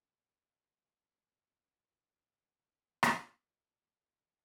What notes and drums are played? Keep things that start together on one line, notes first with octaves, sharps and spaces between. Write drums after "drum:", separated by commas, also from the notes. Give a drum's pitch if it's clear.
F3
F#3
F#3
F3
D3
drum: rim click